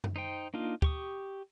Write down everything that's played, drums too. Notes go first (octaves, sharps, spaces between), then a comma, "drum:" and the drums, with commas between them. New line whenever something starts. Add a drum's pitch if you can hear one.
drum: tom F#2
D#4 C5 G5
A#3 D4 D#4 F4
G4 C#6 D#6, drum: kick